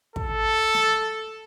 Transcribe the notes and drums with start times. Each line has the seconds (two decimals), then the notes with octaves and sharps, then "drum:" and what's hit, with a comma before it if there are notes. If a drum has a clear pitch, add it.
0.16 A4, drum: kick
0.74 drum: snare